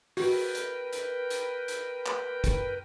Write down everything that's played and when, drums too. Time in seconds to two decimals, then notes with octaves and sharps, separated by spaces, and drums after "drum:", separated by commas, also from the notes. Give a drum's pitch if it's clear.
0.17 F#4 A#4 B4 G5, drum: open hi-hat
0.55 drum: hi-hat
0.93 drum: hi-hat
1.30 drum: hi-hat
1.68 drum: hi-hat
2.06 drum: clap
2.44 drum: kick, hi-hat